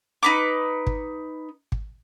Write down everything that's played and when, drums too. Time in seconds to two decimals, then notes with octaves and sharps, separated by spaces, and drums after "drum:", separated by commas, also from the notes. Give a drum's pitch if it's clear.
0.23 D#4 B4 D6
0.87 drum: kick
1.72 drum: kick